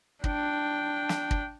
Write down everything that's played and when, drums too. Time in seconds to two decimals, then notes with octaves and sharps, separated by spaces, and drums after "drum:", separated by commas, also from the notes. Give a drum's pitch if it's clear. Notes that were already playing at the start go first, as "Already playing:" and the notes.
0.24 D4 G5, drum: kick
1.09 drum: snare
1.31 drum: kick